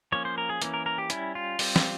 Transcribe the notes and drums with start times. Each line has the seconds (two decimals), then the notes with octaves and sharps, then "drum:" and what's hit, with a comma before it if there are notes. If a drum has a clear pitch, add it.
0.12 F3 A#3 C#4 C#5
0.25 C5
0.38 A#4
0.49 G#4
0.62 E3 A#3 C#4, drum: hi-hat
0.74 A#4
0.86 A#4
0.98 G4
1.10 G3 C#4 E4, drum: hi-hat
1.35 F4
1.59 G3 C4, drum: open hi-hat
1.76 drum: snare